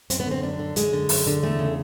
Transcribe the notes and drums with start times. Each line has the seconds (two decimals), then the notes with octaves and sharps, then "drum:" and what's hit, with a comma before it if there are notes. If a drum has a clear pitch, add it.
0.10 F#2 C4, drum: hi-hat
0.20 B3
0.26 D3 C4
0.42 F#2 D4
0.59 D3
0.76 F#2 G#3, drum: hi-hat
0.93 D3
1.09 F#2, drum: open hi-hat
1.27 D3
1.43 E2 A3
1.59 C#3